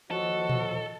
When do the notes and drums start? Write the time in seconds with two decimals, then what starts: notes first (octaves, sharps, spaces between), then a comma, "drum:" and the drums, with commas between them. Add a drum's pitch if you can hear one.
0.11 D#2 F3 F#4 A4 C#5 D#5
0.49 drum: tom A#2